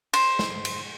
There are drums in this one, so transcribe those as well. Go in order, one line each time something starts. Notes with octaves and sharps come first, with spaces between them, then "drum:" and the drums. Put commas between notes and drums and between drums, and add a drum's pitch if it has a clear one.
C5, drum: cymbal
drum: snare
drum: cymbal